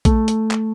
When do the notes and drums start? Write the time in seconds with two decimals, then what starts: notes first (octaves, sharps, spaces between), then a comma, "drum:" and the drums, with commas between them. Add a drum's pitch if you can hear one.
0.05 A3, drum: kick A#1, hi-hat
0.28 drum: hi-hat
0.51 drum: clap